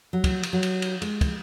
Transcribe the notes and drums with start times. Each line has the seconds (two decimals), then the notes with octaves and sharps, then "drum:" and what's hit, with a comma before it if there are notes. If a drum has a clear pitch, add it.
0.13 F#3
0.24 drum: kick, cymbal
0.43 drum: cymbal
0.53 F#3
0.63 drum: cymbal
0.82 drum: cymbal
1.02 G#3, drum: cymbal
1.21 drum: kick, cymbal